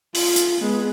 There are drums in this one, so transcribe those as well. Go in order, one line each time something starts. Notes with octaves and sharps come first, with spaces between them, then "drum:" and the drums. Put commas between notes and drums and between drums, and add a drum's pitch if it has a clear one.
F4, drum: open hi-hat
drum: hi-hat
G#3 B3